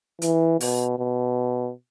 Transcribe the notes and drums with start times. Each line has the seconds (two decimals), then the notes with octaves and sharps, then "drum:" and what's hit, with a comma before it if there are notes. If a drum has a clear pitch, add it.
0.22 E3, drum: hi-hat
0.60 B2, drum: open hi-hat
0.99 B2